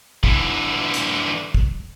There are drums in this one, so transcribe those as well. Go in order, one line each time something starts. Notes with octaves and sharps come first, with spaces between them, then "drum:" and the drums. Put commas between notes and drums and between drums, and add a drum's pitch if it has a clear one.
D3 E3, drum: kick
drum: hi-hat
drum: kick